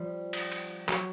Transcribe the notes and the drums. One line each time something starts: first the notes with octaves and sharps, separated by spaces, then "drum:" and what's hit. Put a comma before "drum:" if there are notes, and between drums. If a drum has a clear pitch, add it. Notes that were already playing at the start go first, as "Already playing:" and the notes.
Already playing: F3 G3
drum: cymbal
drum: cymbal
F#3, drum: clap